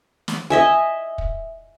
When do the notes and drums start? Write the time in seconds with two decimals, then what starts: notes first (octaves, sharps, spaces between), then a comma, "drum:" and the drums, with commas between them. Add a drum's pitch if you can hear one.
0.28 drum: snare
0.50 D#5 E5 G#5
1.18 drum: kick